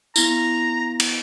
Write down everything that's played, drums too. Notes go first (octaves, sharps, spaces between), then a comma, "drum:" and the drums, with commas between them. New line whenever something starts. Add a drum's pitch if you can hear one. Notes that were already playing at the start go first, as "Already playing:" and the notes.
B3 E4 A#5, drum: tambourine
drum: cymbal